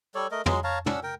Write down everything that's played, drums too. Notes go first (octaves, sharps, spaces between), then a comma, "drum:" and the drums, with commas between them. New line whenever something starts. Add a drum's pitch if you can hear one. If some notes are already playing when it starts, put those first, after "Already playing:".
G3 A4 C#5 D5
A3 A#4 D#5
F#3 G#3 G#4 C6, drum: tom
C#5 F5 A5 A#5
C#4 D4 F#5 E6, drum: tom
A#4 G5